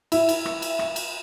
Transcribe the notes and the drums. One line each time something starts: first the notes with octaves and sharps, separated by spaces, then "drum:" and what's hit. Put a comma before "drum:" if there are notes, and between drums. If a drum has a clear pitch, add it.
E4, drum: cymbal
drum: cymbal
drum: rim click
drum: cymbal
drum: rim click
drum: cymbal